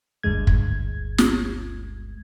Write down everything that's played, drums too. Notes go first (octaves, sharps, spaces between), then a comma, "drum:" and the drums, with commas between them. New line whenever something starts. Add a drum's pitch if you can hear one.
G1 D2 G2 G#3 G#6
drum: kick
drum: snare